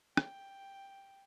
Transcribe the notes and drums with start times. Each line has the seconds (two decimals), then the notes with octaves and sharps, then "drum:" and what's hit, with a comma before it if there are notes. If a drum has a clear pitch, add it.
0.17 G5, drum: rim click